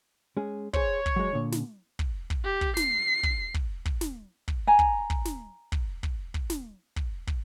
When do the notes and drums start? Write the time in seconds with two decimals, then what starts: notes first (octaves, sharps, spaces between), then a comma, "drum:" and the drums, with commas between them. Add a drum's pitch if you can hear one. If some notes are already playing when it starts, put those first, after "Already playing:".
0.37 G#3 C#4 G#4
0.73 G#4 C5 C#5, drum: kick
1.06 drum: kick
1.16 F#3 G#3
1.33 A#2 D3
1.52 drum: snare
1.99 drum: kick
2.30 drum: kick
2.44 G4
2.61 drum: kick
2.77 C7, drum: snare
3.23 drum: kick
3.54 drum: kick
3.85 drum: kick
4.01 drum: snare
4.48 drum: kick
4.67 G#5 A#5
4.79 drum: kick
5.10 drum: kick
5.25 drum: snare
5.72 drum: kick
6.03 drum: kick
6.34 drum: kick
6.50 drum: snare
6.96 drum: kick
7.27 drum: kick